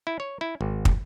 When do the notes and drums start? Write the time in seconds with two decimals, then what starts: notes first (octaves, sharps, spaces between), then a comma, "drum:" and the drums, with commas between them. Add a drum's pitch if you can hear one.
0.07 E4
0.20 C#5
0.41 E4
0.61 G#1
0.85 drum: kick